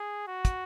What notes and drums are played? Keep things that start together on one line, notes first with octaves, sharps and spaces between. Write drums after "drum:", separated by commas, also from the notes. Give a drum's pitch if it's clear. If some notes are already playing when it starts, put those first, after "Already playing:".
Already playing: G#4
F#4
drum: kick, hi-hat